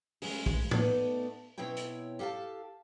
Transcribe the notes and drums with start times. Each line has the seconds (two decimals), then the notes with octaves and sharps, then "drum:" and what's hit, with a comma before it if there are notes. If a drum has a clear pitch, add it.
0.22 G#3 A3 C#4 G#4, drum: open hi-hat
0.46 G#3, drum: kick
0.71 A3 B3 D#4 A4 D5, drum: tom A2
1.58 B2 C4 E4 C#5 G5
1.77 drum: hi-hat
2.19 G4 A4 F5 G5 A5